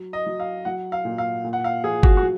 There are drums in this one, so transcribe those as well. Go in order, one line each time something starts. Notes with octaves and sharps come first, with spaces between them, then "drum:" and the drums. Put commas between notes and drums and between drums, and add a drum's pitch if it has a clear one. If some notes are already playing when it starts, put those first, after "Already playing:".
Already playing: F#3
D#5
F#3
F5
F#3 F#5
F5
A#2
F5
A#2
F#5
F5
F3 G#4
F#4, drum: kick G1
F#4
F#3